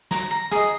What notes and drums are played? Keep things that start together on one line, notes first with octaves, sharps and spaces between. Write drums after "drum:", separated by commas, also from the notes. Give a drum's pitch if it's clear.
A#5, drum: snare
A#5
G#4 D#5 D#6, drum: snare